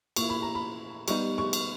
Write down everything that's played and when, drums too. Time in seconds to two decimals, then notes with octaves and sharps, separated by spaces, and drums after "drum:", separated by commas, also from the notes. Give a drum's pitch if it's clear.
0.16 A#2 A#3 E4 C#6, drum: cymbal
0.30 B5
0.42 A#5
0.55 B5
1.08 G3 B3 D#4 C#6, drum: cymbal
1.38 C#6
1.53 drum: cymbal